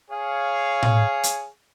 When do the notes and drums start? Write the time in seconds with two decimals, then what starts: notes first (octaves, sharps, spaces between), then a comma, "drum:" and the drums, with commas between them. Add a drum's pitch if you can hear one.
0.10 G#4 C#5 F5
0.83 drum: tom A2
1.23 drum: hi-hat